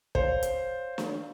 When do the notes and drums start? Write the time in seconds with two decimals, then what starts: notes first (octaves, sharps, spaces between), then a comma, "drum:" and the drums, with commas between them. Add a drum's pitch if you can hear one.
0.15 C5 C#5 F5, drum: kick
0.43 drum: hi-hat
0.98 drum: snare